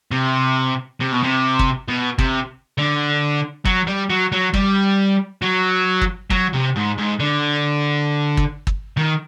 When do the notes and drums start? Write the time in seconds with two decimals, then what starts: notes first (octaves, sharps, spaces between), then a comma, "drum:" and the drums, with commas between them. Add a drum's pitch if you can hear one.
0.12 C3
1.01 C3
1.12 B2
1.23 C3
1.59 drum: kick
1.88 B2
2.18 C3, drum: kick
2.78 D3
3.65 F#3, drum: kick
3.87 G3
4.09 F#3
4.32 F#3
4.54 G3, drum: kick
5.42 F#3
6.01 drum: kick
6.30 F#3, drum: kick
6.53 C3
6.76 G#2
6.98 G#2
7.20 D3
8.37 drum: kick
8.67 drum: kick
8.97 D#3